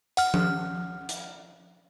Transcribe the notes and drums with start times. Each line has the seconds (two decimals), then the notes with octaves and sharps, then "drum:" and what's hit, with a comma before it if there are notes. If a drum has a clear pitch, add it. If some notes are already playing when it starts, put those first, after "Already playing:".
0.17 F#5 F6, drum: hi-hat
0.34 drum: tom F3
1.09 drum: hi-hat